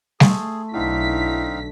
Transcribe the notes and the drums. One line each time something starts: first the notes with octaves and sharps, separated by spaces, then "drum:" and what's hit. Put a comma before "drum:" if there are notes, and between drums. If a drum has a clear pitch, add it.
A3 G#4 C6, drum: snare
B1 D3 C4 D#4 E4 F5 B6